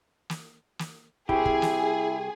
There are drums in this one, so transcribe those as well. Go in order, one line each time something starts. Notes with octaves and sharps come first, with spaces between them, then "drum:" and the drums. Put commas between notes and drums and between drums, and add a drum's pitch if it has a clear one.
drum: snare
drum: snare
C2 E4 G4 G#4, drum: kick
drum: kick
drum: snare